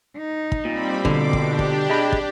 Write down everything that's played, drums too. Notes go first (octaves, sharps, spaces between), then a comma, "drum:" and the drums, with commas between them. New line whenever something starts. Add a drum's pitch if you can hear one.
D#4
drum: kick
A#2 G3 C4 B5
B2 D3 D6, drum: kick
D4 G4, drum: kick
drum: kick
G#4 D#5 B5
drum: kick